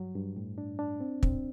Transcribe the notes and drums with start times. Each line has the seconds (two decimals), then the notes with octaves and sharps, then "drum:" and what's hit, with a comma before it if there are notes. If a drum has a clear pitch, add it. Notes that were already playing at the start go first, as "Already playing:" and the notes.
Already playing: G2 F#3
0.16 G2
0.36 A2
0.58 D4
0.79 D4
1.00 C4
1.23 C4, drum: kick